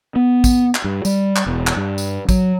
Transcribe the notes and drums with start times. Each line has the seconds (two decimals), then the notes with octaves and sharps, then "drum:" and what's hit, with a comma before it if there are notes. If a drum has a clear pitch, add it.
0.16 B3
0.44 drum: kick, tambourine
0.75 drum: clap
0.84 G2
1.05 G3, drum: tambourine
1.36 drum: clap
1.46 E1
1.67 drum: clap
1.76 G2
1.98 drum: tambourine
2.29 F#3, drum: kick, tambourine